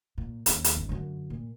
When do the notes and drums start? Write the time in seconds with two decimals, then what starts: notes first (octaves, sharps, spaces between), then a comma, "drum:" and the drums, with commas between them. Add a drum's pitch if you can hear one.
0.18 A#2
0.46 D#2 C#4, drum: hi-hat
0.64 drum: hi-hat
0.76 G1
0.89 F#2 D3
1.30 A#2